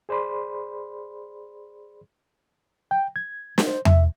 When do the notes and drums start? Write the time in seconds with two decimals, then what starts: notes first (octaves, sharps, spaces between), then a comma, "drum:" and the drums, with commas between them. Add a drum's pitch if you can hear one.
0.09 G#4 C5 D5 B5 C6
2.91 G5
3.16 G#6
3.58 drum: snare
3.67 C5
3.85 E5, drum: tom E2